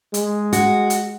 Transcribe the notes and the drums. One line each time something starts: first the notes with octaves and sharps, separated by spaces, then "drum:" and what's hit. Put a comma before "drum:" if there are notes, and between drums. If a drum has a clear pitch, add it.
G#3, drum: hi-hat
F#4, drum: hi-hat
drum: hi-hat